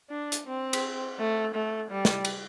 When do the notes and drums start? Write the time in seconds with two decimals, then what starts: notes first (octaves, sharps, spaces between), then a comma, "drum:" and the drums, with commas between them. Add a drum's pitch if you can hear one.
0.10 D4
0.32 drum: hi-hat
0.47 C4
0.73 drum: cymbal
1.19 A3
1.55 A3
1.91 G3
2.05 drum: snare
2.25 drum: cymbal